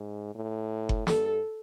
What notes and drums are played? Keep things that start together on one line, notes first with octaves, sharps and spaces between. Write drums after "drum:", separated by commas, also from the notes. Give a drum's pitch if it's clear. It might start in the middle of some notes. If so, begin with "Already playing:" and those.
Already playing: G#2
A2
drum: kick F#1
G2 A4, drum: snare